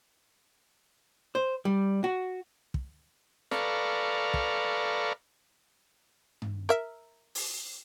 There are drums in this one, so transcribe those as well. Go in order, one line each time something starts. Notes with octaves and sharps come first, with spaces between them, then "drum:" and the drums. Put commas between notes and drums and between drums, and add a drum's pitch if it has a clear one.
C5
G3
F#4
drum: kick
A4 B4 D5 F5 A#5 C#6, drum: snare
drum: kick
drum: tom G2
A#4 E5
drum: open hi-hat